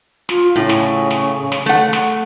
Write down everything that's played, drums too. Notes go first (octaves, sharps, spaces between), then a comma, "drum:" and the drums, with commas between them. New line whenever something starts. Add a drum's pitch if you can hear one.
F4, drum: snare
A2 C#3
drum: snare
drum: snare
drum: snare
A3 F#5
drum: snare